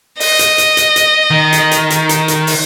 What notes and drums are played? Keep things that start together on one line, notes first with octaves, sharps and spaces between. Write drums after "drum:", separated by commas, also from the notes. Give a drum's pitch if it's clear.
D#5, drum: open hi-hat
drum: hi-hat
drum: hi-hat
drum: hi-hat
drum: hi-hat
D#3
drum: hi-hat
drum: hi-hat
drum: hi-hat
drum: hi-hat
drum: hi-hat
drum: open hi-hat